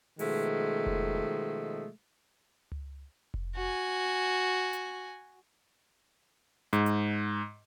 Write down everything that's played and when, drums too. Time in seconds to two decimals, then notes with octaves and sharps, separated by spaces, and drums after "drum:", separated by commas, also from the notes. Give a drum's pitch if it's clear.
0.19 B2 D#3 F3 G#3 A3, drum: open hi-hat
0.86 drum: kick F1
2.72 drum: tom C#2
3.34 drum: kick F1
3.56 F#4 G#5
4.73 drum: hi-hat
6.73 G#2, drum: hi-hat
6.86 drum: hi-hat